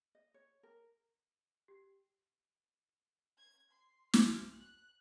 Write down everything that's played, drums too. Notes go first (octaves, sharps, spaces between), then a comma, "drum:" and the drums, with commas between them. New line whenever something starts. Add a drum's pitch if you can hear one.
D#5
C#5
A#4
G4
G#6
C6
F6, drum: snare
F#6